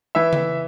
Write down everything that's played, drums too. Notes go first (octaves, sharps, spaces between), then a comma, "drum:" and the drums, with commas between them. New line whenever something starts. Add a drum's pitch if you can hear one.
E3 E5
drum: tom C#3